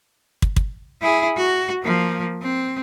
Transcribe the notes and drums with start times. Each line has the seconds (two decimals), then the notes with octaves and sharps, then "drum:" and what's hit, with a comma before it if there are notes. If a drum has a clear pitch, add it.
0.42 drum: kick
0.56 drum: kick
1.02 E4 G#4
1.36 F#4
1.83 F3 A#3
2.42 C4